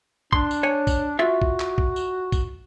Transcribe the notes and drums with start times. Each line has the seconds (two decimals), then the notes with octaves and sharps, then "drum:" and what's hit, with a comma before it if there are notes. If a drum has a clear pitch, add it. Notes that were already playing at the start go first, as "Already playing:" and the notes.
0.33 D4 C6, drum: kick A#1
0.51 drum: tambourine
0.63 C#5 G#5
0.87 drum: kick A#1, tambourine
1.19 F4 F#4 E5
1.42 drum: kick A#1
1.60 drum: clap
1.78 drum: kick A#1
1.96 drum: tambourine
2.32 drum: kick A#1, tambourine